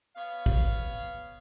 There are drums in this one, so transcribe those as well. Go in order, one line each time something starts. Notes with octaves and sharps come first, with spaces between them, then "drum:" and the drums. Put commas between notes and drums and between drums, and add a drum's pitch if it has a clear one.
B3 C#5 F5
drum: kick